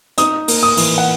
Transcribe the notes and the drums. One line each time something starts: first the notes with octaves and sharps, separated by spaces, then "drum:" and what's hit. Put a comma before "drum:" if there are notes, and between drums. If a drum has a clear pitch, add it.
D#4 D#6, drum: hi-hat
A#3, drum: open hi-hat
D#6
E3, drum: open hi-hat
F#5